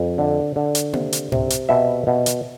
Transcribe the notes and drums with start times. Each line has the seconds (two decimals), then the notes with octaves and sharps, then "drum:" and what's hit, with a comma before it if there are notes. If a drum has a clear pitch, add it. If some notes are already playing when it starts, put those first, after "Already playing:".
Already playing: F2
0.18 D3
0.56 D3
0.75 drum: hi-hat
0.93 C3, drum: tom A#3
1.13 drum: hi-hat
1.32 C3, drum: tom G#2
1.50 drum: hi-hat
1.69 B2 E5
2.07 B2
2.26 drum: hi-hat